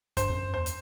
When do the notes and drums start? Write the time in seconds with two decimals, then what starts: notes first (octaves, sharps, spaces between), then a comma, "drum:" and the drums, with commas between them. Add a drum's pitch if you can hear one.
0.17 G2 C5, drum: kick, hi-hat
0.30 F2
0.35 F#2
0.54 E2 C5
0.66 drum: hi-hat